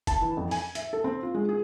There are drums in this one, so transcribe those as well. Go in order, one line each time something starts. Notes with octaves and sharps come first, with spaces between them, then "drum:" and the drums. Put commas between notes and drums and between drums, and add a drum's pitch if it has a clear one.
A5, drum: kick E1, hi-hat
E3
F2
G#5, drum: open hi-hat
E5, drum: hi-hat
A4
C4
F4
G#3
G#4